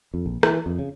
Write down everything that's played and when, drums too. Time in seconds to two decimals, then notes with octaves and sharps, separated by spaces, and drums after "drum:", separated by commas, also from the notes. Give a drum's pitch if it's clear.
0.14 F2
0.26 A#1
0.43 E3, drum: rim click
0.66 F2
0.79 C#3